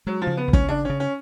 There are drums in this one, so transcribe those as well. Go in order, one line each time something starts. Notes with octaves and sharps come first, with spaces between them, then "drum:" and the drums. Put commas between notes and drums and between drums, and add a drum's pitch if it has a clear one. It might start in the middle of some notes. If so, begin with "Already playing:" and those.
F#3 G#3
F3
C#3
B3
C#2
C#4, drum: kick
C#3 D4
C#3 C#4
C#4